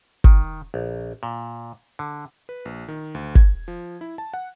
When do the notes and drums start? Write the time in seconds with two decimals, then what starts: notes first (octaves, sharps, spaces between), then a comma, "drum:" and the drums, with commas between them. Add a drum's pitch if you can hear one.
0.24 D#3, drum: kick G1
0.74 A#1
1.23 A#2
1.99 D3
2.49 B4
2.65 A#1
2.88 D#3
3.15 D2
3.35 G#6, drum: kick G1
3.68 F3
4.01 E4
4.18 A5
4.34 F#5